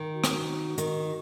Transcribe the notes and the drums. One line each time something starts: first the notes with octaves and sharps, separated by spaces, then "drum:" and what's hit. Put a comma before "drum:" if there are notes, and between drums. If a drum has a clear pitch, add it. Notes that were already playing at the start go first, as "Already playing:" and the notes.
Already playing: D#3
F#4
drum: rim click
D#3, drum: hi-hat